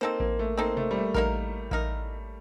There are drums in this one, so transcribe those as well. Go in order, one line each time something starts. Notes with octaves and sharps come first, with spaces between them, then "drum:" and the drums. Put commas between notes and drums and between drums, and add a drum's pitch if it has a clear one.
A#3 C4 D#4 A4 C5
A#3, drum: kick A1
A3
A#3 C4 D#4 A4 C5
A3, drum: tom B2
G3
A3
A#3 D#4 A#4, drum: kick A1
A#3 D#4 A#4, drum: kick A1